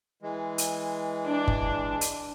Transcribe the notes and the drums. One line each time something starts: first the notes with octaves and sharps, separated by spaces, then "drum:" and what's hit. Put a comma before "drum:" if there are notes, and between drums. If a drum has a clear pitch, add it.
E3 G#3
drum: hi-hat
D4
drum: kick F#1
drum: hi-hat